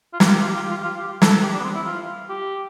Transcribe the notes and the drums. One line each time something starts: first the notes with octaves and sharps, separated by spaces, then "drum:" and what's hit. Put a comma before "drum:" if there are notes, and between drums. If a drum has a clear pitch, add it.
F4
G4, drum: snare
F4
G4
F4
G4
F4
G4
F4
G4
F4
G4
A4, drum: snare
G4
D4
B3
C4
E4
F4
G4